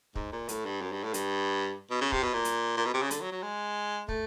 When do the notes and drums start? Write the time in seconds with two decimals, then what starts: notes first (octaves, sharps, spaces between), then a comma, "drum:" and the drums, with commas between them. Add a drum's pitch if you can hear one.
0.15 G#2, drum: kick
0.32 A#2
0.48 A2, drum: hi-hat
0.65 G2
0.81 F#2
0.92 G2
1.03 A2
1.14 G2, drum: hi-hat
1.90 B2
2.01 C#3
2.12 C3, drum: kick
2.23 B2
2.33 A#2
2.45 drum: hi-hat
2.77 A#2
2.85 B2
2.94 C3
3.02 C#3
3.11 D3, drum: hi-hat
3.21 F#3
3.32 F#3
3.43 G#3
4.08 A3, drum: kick